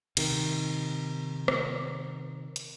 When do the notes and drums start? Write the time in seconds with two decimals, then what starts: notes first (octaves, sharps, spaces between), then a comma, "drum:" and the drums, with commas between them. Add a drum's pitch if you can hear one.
0.17 C3 D#3, drum: cymbal
1.48 drum: rim click
2.56 drum: hi-hat